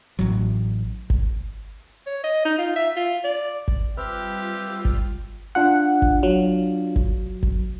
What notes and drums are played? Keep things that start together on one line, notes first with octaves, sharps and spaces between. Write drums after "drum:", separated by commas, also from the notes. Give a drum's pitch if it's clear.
A1 A2 F#3
drum: kick G1
C#5
D#5
D#4
F4
E5
F4
D5
drum: kick G1
G3 C4 F4 G4 B4 E5 F6
drum: kick G1
D4 F4 F5 F#5
drum: kick G1
F#3
drum: kick G1
drum: kick G1